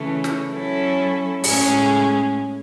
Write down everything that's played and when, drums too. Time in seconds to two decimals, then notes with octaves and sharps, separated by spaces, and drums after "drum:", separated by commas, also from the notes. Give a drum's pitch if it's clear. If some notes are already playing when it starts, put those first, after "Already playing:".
Already playing: C#3 E3 A3 C#4
0.24 drum: snare
0.52 F#3 C#4 E4 A4
1.44 A2 G#3 C#4 G#4, drum: open hi-hat